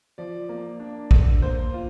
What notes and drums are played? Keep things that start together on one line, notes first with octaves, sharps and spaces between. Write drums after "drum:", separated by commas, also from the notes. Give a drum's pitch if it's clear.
F3 D5
A#3
D4
D3, drum: kick
A#3 C5
F4